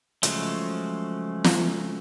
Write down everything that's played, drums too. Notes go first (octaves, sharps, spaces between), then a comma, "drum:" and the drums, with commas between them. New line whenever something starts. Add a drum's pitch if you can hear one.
C#3 F3 F#3 G#3 A3, drum: hi-hat
drum: snare